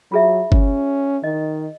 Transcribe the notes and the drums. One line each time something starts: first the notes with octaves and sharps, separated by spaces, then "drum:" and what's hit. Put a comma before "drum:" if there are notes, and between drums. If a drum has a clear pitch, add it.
F#3 F4 G#4 E5
C#4, drum: kick
D#3 D#5